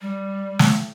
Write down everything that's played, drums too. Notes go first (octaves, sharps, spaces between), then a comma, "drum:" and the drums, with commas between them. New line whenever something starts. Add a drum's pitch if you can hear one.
G3
drum: snare